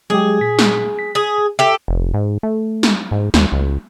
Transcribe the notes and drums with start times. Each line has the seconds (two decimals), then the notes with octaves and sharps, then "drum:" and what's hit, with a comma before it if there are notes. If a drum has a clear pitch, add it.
0.10 F#3 G#3 G4 G#4
0.41 A#2 B6
0.59 drum: snare
0.99 B6
1.15 G#4
1.59 G4 A4 E5
1.88 F1
2.14 G#2
2.43 A3
2.83 drum: snare
3.11 G#2
3.34 D#2, drum: snare
3.52 C#2